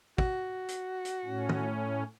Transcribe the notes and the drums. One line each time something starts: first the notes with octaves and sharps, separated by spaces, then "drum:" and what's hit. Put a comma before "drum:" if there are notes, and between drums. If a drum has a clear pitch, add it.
F#4, drum: kick
drum: hi-hat
drum: hi-hat
A2 C#4
drum: tom